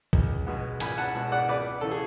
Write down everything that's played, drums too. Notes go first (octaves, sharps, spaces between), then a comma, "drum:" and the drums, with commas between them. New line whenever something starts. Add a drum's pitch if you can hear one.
C#2, drum: kick
B2 G#3 B3
C#2 G#5 B5, drum: hi-hat
F#5 A5
B2 G#3 B3
D5 F#5
C#2 B4 D5
C#3 E3 A4
G#4